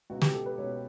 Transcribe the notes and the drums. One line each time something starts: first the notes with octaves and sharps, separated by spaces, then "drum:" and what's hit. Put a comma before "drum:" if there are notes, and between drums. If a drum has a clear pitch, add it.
C#2 B2 F#4
G4, drum: snare
A4
B4
C#2 B2 C#5